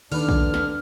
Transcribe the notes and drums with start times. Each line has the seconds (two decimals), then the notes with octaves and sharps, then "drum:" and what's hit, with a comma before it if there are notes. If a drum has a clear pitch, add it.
0.12 D#2 D3 D4 B4 F6, drum: cymbal
0.29 drum: kick A#1
0.54 drum: snare